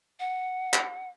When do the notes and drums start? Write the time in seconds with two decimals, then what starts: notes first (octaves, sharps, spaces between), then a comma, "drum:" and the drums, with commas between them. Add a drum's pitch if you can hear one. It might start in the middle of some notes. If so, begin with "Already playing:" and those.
0.20 F#5
0.73 drum: clap